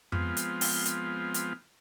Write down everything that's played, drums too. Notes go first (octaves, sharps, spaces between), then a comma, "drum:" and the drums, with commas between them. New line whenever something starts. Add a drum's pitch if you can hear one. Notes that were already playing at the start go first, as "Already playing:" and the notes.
F3 G#3 B3 C4 F4, drum: tom F2
drum: hi-hat
drum: open hi-hat
drum: hi-hat
drum: hi-hat